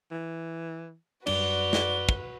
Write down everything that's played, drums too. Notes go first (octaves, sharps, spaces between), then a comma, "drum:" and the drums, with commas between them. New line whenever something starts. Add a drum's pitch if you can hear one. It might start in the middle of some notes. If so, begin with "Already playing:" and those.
E3
F#2 G3 D4 F#4 B4 D5 G7, drum: cymbal
drum: snare
drum: kick